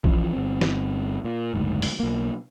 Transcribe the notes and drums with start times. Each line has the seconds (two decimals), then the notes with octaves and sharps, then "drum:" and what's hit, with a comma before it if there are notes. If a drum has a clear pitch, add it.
0.04 E3 F3 C#4, drum: kick A#1
0.33 G1 C4
0.61 drum: snare
1.25 A#2
1.54 F#1 D2 G#2
1.82 drum: open hi-hat
2.00 B1 A#3